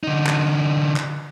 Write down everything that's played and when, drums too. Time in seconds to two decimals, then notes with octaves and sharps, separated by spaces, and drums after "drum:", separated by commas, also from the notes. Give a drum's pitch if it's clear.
0.04 D3 D#4
0.27 drum: clap
0.96 drum: clap